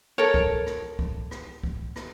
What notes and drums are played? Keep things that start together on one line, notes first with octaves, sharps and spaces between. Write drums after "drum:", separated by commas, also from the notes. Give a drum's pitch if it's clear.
A4 A#4 C#5
drum: kick C2
drum: rim click
drum: kick C2
drum: rim click
drum: kick C2
drum: rim click